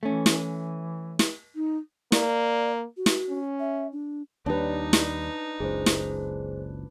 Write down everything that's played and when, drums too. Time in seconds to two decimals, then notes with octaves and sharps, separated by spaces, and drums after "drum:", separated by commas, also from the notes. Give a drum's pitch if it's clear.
0.03 E3 A3 C#4
0.26 drum: snare
1.19 drum: snare
1.56 D#4
2.12 A#3 D5, drum: snare
2.97 F#4
3.06 drum: snare
3.29 C#4
3.60 E5
3.92 D4
4.46 D#2 G3 D4 D#4 B4
4.93 drum: snare
5.60 F#1 C#2 G#4 C5
5.86 drum: snare